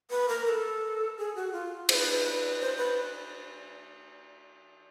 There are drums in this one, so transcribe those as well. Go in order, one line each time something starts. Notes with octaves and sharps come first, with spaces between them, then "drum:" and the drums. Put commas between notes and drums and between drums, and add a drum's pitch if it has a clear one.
B4
A#4
A#4
A4
G#4
F#4
F4
C5, drum: cymbal
B4
B4
C5
B4